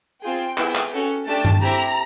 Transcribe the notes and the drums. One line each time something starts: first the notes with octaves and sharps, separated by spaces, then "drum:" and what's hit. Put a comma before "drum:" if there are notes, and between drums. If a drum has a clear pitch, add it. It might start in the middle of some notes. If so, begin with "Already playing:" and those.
C4 F4 G#4 G5
B3 E4 G#4, drum: clap
drum: clap
C#4 F#4 A4
A3 D4 G4 A5
drum: tom G2
C4 E4 G4 A#5